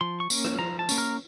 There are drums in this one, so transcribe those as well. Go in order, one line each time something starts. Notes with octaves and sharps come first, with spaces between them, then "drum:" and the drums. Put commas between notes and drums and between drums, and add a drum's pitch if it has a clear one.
F3 C6
C#6
A#3 C#4, drum: tambourine
drum: rim click
F3 A#5
A5
A#3 C#4, drum: tambourine
A#4